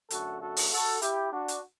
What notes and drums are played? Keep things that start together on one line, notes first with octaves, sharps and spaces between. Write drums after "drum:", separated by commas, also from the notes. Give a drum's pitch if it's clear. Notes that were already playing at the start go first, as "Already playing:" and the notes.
F#2 D3 A3 F#4 A4, drum: hi-hat
F#4 A4
drum: open hi-hat
F#4 A4
E4 G4, drum: hi-hat
D4 F#4
drum: hi-hat